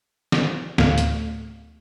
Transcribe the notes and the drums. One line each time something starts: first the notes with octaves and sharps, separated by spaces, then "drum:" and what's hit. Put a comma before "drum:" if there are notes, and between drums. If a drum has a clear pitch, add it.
drum: snare
D2 A2 A3 F5, drum: snare
drum: hi-hat